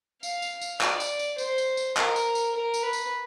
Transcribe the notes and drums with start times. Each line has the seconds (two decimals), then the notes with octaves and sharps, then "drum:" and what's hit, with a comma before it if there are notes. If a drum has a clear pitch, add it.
0.23 F5, drum: tambourine
0.42 drum: tambourine
0.61 drum: tambourine
0.81 D5, drum: clap
1.00 drum: tambourine
1.19 drum: tambourine
1.38 C5, drum: tambourine
1.58 drum: tambourine
1.77 drum: tambourine
1.97 A#4, drum: clap
2.16 drum: tambourine
2.35 drum: tambourine
2.55 A#4
2.74 drum: tambourine
2.83 B4
2.93 drum: tambourine